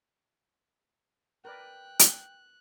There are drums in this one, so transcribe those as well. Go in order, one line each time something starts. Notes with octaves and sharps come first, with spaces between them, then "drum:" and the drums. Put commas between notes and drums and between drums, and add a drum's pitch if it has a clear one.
A#4 B4 D5 G5 F#6
drum: hi-hat